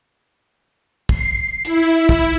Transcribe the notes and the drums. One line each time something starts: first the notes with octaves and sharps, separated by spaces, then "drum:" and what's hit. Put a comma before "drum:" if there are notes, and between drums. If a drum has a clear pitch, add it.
C7, drum: kick
E4, drum: hi-hat
drum: kick